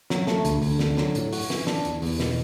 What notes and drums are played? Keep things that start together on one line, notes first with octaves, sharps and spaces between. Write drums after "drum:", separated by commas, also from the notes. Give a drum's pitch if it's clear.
F#3, drum: snare
A3, drum: snare
D2, drum: hi-hat
D2, drum: open hi-hat
D3, drum: snare
F#3, drum: snare
A2, drum: hi-hat
F#4, drum: open hi-hat
E3, drum: snare
D4, drum: snare
E2, drum: hi-hat
E2, drum: open hi-hat
B2, drum: snare